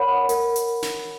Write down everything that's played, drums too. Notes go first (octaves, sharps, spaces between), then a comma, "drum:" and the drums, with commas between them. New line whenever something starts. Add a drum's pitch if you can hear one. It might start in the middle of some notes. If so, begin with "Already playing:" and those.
Already playing: A#4 C#5 F#5 B5
A#4, drum: hi-hat
drum: hi-hat
drum: snare